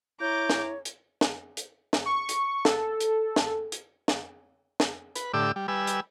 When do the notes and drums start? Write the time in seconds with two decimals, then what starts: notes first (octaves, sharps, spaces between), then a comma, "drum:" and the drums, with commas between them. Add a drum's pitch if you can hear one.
0.21 E4 C#5 A#5 D6 G6
0.50 drum: snare
0.85 drum: hi-hat
1.21 drum: snare
1.57 drum: hi-hat
1.93 drum: snare
2.06 C#6
2.29 drum: hi-hat
2.65 A4, drum: snare
3.01 drum: hi-hat
3.36 drum: snare
3.72 drum: hi-hat
4.08 drum: snare
4.80 drum: snare
5.15 B4, drum: hi-hat
5.34 A2 D3 G4 D6 E6
5.56 G3
5.68 G3 B4 G#5 E6
5.87 drum: hi-hat